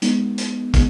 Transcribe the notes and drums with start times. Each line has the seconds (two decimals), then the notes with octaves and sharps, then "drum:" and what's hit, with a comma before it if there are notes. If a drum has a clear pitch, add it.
0.02 G#3 B3 D#4, drum: hi-hat
0.38 drum: hi-hat
0.74 G#3 B3 D#4, drum: kick, hi-hat